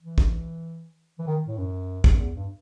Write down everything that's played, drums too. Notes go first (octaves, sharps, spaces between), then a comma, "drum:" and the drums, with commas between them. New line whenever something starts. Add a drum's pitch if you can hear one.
E3
drum: kick
E3
D#3
A2
F#2
drum: kick
F#2
E2
G2